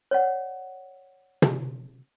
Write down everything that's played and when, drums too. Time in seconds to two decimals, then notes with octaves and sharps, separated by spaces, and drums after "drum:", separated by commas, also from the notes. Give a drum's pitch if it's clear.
0.11 C#5 D5 F#5
1.42 drum: tom